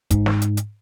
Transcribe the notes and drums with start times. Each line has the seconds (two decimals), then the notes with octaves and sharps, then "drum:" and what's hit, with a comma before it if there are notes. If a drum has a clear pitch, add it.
0.11 G#2, drum: kick, hi-hat
0.26 drum: snare
0.42 drum: hi-hat
0.57 drum: hi-hat